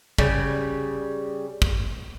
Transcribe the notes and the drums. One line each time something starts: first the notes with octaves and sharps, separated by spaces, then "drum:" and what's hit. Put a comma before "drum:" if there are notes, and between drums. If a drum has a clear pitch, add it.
C#3 G3, drum: kick
drum: kick